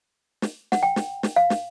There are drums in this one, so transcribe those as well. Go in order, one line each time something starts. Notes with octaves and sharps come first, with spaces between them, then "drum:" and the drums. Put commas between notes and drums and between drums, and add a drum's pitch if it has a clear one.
drum: snare
F#5, drum: snare
G5
drum: snare
drum: snare
F5
drum: snare